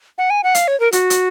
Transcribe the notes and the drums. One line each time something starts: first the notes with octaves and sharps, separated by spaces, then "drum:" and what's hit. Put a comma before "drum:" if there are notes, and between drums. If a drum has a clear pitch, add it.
F#5
G#5
F#5
F5, drum: hi-hat
C#5
A#4
F#4, drum: hi-hat
drum: hi-hat